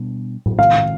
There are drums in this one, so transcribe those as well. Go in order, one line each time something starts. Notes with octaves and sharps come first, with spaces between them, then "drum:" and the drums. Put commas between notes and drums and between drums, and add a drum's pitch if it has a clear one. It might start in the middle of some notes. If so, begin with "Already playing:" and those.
Already playing: B2 G3 B3 D4
drum: tom A2
C3 D#3 G#3 C4 F5